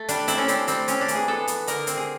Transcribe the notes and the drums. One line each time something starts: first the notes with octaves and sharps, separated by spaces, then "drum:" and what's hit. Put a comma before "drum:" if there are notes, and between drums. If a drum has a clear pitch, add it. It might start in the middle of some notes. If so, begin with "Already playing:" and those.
Already playing: A3
G3 D4, drum: hi-hat
C4 E4, drum: hi-hat
C#4
C4 D4, drum: hi-hat
G3 C4, drum: hi-hat
C4 C#4, drum: hi-hat
D4
E3, drum: hi-hat
G#4
B3 A4
B3, drum: hi-hat
D3 A#4, drum: hi-hat
C4, drum: hi-hat
G#4